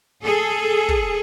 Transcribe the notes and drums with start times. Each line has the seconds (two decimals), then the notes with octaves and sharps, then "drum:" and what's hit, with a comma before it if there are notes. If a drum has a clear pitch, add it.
0.22 G#4 A4
0.89 drum: kick